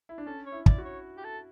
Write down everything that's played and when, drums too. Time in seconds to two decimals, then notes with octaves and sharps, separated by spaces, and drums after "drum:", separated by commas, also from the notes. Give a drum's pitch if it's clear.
0.09 E4
0.18 D4
0.26 C#4 A4
0.46 C#5
0.52 E4
0.66 E4 D5, drum: kick
0.78 F#4
0.85 C#5
1.17 G4
1.24 A4